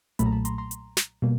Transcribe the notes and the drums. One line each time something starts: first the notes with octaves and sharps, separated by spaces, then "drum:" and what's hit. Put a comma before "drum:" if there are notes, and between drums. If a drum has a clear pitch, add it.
B1 A#2 F#3 A3 A5 B5, drum: hi-hat
A#5
A5 B5
A#5 C6, drum: hi-hat
A#5 C6
drum: hi-hat
drum: snare
B2 G3 A#3